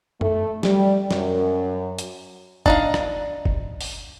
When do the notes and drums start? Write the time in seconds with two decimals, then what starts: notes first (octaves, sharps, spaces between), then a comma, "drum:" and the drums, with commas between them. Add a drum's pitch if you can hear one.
0.21 A3, drum: tom F#2
0.63 G3, drum: snare
1.11 F#2, drum: snare
1.98 drum: hi-hat
2.66 D4 D#4 F5, drum: kick G1
2.94 drum: rim click
3.45 drum: kick G1
3.81 drum: open hi-hat